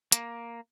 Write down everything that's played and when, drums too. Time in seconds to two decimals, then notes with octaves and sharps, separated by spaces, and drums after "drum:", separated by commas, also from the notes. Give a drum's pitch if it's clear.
0.12 A#3, drum: hi-hat